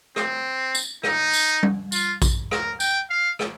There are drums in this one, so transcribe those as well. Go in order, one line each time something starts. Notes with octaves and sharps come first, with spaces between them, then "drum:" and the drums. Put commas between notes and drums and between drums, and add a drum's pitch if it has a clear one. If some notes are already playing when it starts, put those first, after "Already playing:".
C4, drum: rim click
drum: tambourine
D#4, drum: rim click
drum: tambourine
drum: tom G3
F4, drum: tambourine
drum: kick A#1, tambourine
A#4, drum: rim click
G5, drum: tambourine
F5
drum: rim click